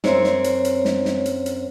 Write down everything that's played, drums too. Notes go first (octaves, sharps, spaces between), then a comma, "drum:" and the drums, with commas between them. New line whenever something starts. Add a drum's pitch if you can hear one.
F#2 C4 C#5, drum: snare
drum: snare
drum: hi-hat
drum: hi-hat
drum: snare
drum: snare
drum: hi-hat
drum: hi-hat